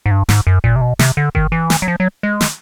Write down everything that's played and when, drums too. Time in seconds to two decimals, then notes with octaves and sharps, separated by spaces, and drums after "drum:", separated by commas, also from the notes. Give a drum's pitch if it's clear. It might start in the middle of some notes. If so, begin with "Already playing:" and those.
0.06 G#2
0.11 G2
0.29 G#2, drum: snare
0.47 F#2
0.64 A#2, drum: kick G1
0.76 C3
0.81 B2
0.99 C3, drum: snare
1.17 D3
1.35 D#3, drum: kick G1
1.52 E3
1.70 drum: snare
1.82 F#3
1.88 F3
2.00 F#3
2.23 G#3
2.41 drum: snare